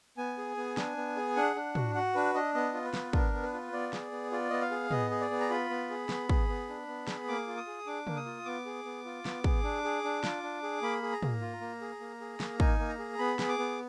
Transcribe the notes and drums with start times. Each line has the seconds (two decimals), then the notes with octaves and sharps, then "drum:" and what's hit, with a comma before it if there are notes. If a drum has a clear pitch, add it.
0.17 B3 G#5
0.38 G#4
0.57 B3
0.77 D4, drum: snare
0.97 B3
1.16 G#4
1.36 D4 F#5
1.56 D4
1.75 F#4, drum: tom
1.95 F#4 F#5
2.15 D4 B4
2.35 D4 D#5
2.55 B3 D#5
2.74 F4
2.84 B4
2.94 B3, drum: snare
3.13 D4 A#4, drum: kick
3.33 B3
3.43 B4
3.53 F4
3.72 B3 D5
3.93 G#4, drum: snare
4.11 B3
4.32 F4 D5
4.50 B3 D#5
4.61 F5
4.71 G#4
4.91 B3 D#5, drum: tom
5.11 G#4
5.21 D5
5.30 B3
5.40 A#5
5.50 F4 B5
5.70 B3
5.90 G#4
6.09 B3, drum: snare
6.29 G#4, drum: kick
6.48 B3
6.69 D4
6.88 B3
7.07 G#4, drum: snare
7.28 A#3 D6
7.47 F4
7.57 D#6
7.67 G#4
7.86 D4 D6
8.07 A#3, drum: tom
8.16 D#6
8.26 F4
8.45 B3 D6
8.66 G#4
8.85 B3
9.05 F4
9.25 B3, drum: snare
9.44 G#4, drum: kick
9.64 D4
9.84 G#4
10.04 D4
10.24 F4, drum: snare
10.43 D4
10.63 G#4
10.82 A#3 B5
11.02 G#4
11.12 A#5
11.22 A#3, drum: tom
11.41 F4
11.61 A#3
11.81 G#4
12.00 A#3
12.21 G#4
12.40 A#3, drum: snare
12.60 D#4 G#5, drum: kick
12.79 A#3
12.89 A#5
12.99 G#4
13.19 B3 B5
13.39 G#4, drum: snare
13.49 D6
13.59 B3